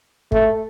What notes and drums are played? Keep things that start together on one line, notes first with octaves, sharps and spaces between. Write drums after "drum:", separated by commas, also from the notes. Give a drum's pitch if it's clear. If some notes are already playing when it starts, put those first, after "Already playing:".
A3, drum: kick